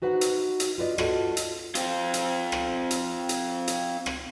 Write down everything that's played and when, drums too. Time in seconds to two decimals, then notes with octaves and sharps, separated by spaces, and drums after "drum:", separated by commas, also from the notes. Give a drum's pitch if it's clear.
0.02 D#4 F#4 B4 C5 F#5
0.21 drum: hi-hat
0.60 drum: hi-hat
0.78 F4 B4 D5 D#5
0.98 F4 F#4 A4 D#5, drum: rim click
1.37 drum: hi-hat
1.75 C4 F4, drum: hi-hat
2.14 drum: hi-hat
2.52 drum: rim click
2.91 drum: hi-hat
3.29 drum: hi-hat
3.68 drum: hi-hat
4.06 drum: rim click